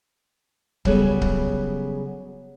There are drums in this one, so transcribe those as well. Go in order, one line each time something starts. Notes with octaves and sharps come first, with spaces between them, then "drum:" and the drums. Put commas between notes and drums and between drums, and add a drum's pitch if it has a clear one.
C#3 F#3 G3 B3 G#4 A4, drum: kick C#1
drum: kick C#1